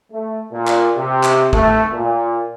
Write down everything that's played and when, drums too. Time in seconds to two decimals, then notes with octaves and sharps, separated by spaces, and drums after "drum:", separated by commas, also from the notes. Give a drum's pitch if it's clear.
0.11 A3
0.52 A#2
0.67 drum: clap
0.95 C3
1.23 drum: clap
1.53 A3, drum: kick G#1
1.92 A#2